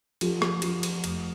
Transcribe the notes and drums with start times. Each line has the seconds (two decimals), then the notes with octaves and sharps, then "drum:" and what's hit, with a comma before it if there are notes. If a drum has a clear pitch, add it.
0.21 F3 G4 A4, drum: cymbal
0.42 drum: rim click
0.62 F3, drum: cymbal
0.83 drum: cymbal
1.04 F1, drum: cymbal